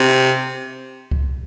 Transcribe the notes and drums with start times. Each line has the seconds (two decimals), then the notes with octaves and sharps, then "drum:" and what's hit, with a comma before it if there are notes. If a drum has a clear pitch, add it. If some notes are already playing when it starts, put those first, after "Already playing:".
Already playing: C3
1.11 drum: kick C#2